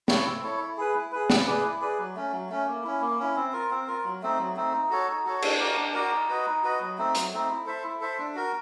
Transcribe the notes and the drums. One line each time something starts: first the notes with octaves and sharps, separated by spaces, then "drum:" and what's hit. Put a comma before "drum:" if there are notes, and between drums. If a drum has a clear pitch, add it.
E4 A4 C#5, drum: snare
C4
E4 A4 C#5
E4
G#4 B4
E4
G#4 B4
E4, drum: snare
G#4 B4 D5
E4
G#4 B4 D5
F#3
A3 C#4
F#3
A3 C#4
A#3
C#4 E4
A#3
C#4 E4
C4
F4 A#4
C4
F4 A#4
F#3
A3 C4 D#4
F#3
A3 C4 D#4
D#4
F#4 A4 C#5
D#4
F#4 A4 C#5
D4, drum: cymbal
F#4 A#4 D5
D4
F#4 A#4 D5
D#4
F#4 B4 D#5
D#4
F#4 B4 D#5
F#3
A3 C4 D#4
F#3, drum: hi-hat
A3 C4 D#4
E4
A4 C5 E5
E4
A4 C5 E5
D4
F#4 A#4